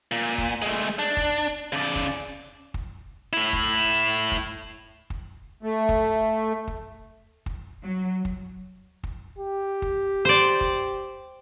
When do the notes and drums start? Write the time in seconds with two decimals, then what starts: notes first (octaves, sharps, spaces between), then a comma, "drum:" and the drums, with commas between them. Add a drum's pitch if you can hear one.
0.11 A#2
0.38 drum: kick
0.62 G#3 A3
0.99 D4
1.17 drum: kick
1.72 C#3 D5
1.96 drum: kick
2.74 drum: kick
3.33 A3 E4
3.53 drum: kick
4.32 drum: kick
5.10 drum: kick
5.63 A3
5.89 drum: kick
6.67 drum: kick
7.46 drum: kick
7.83 F#3
8.25 drum: kick
9.03 drum: kick
9.39 G4
9.82 drum: kick
10.25 C5 D5
10.61 drum: kick